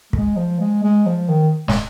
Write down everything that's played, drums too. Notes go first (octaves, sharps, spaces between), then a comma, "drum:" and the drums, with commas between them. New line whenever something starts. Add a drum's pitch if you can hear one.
G#3, drum: kick
F3
G#3
G#3
F3
D#3
G#3, drum: snare